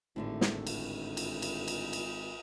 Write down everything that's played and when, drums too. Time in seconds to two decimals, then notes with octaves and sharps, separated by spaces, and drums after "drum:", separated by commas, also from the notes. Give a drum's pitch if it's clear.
0.16 G#1 A2 D3 A3
0.41 drum: snare
0.67 drum: cymbal
1.17 drum: cymbal
1.42 drum: cymbal
1.68 drum: cymbal
1.93 drum: cymbal